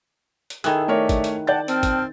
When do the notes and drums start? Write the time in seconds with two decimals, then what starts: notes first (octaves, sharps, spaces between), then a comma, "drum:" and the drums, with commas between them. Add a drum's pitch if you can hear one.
0.50 drum: hi-hat
0.64 D#3 E4 G#4 A4 F#6, drum: hi-hat
0.88 A3 A#4 C#5 D5 E5
1.09 drum: kick, hi-hat
1.24 drum: hi-hat
1.47 D5 F#5 G5 A5 G6 A6
1.68 C4 G5 A5 F6, drum: hi-hat
1.83 drum: kick, hi-hat